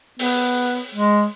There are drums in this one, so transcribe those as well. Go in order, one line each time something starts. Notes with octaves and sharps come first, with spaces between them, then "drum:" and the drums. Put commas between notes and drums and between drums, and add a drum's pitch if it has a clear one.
B3, drum: open hi-hat
G#3